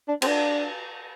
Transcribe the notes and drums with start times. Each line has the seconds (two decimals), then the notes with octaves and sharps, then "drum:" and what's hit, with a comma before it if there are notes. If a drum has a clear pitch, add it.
0.08 D4
0.22 C4, drum: cymbal
0.26 D4